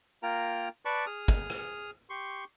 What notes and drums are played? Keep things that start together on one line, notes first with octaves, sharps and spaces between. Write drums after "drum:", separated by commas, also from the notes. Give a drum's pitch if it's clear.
A#3 F4 A#4 G5 A#5
B4 D5 A5 B5 C#6 D6
G#4 D#6 F6
drum: kick
drum: rim click
G4 C6 C#6